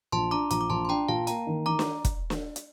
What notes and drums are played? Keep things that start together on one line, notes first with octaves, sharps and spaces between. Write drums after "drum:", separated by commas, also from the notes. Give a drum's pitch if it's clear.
A#1 A5 C6
D4 A#5 D6
A#1 A#5 D6, drum: hi-hat
D6
A#1 A5 C6
C6
D4 G5 A#5
A#2 F5 A5
A#3 G5 A#5, drum: hi-hat
D#3
D#3 A#5 D6
drum: snare
drum: kick, hi-hat
drum: snare
drum: hi-hat